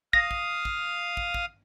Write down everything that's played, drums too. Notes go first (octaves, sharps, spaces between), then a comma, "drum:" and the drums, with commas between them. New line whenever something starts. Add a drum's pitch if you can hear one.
F5 D#6 A#6, drum: kick
drum: kick
drum: kick
drum: kick
drum: kick